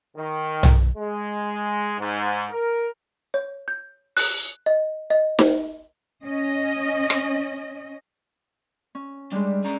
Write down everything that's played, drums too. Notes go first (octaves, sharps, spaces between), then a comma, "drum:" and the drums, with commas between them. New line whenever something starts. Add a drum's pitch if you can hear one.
D#3
drum: tom B1
G#3
G#2
A#4
C#5
G6
F#6, drum: open hi-hat
D#5
D#5
C5, drum: snare D#4
C#4 D#5
drum: rim click
C#4
G3 G#3 D4
C#4 A#5